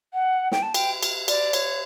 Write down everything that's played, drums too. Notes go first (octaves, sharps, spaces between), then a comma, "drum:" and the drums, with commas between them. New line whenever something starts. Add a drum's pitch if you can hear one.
F#5
G5, drum: snare
A5
G5, drum: cymbal
drum: cymbal
D5, drum: cymbal
C#5, drum: cymbal